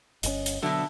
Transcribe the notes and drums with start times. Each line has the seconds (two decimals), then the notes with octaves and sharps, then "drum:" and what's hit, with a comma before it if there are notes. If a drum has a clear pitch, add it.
0.23 G1 A#2 C#4 D#5, drum: hi-hat
0.46 drum: hi-hat
0.62 B2 D3 F#3 E5 A5